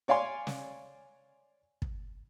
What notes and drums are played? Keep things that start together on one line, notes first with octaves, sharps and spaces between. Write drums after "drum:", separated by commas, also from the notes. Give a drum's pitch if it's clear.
C#5 D5 F5 G#5 C6
drum: snare
drum: kick